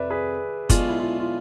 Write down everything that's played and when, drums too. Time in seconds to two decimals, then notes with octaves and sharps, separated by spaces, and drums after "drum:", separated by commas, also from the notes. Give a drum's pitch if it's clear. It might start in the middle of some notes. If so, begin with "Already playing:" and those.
Already playing: F2 C3 B4 D5 E5
0.10 G#4 B4
0.69 B1 B2 G#3 D4 F4, drum: kick F#1, hi-hat
0.89 E4
0.99 F4
1.20 F4